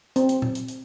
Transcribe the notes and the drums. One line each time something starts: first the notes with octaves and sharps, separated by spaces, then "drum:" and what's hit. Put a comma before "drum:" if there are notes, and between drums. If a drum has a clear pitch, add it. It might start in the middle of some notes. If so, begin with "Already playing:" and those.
C4, drum: hi-hat
drum: hi-hat
drum: tom A#2
drum: hi-hat
drum: hi-hat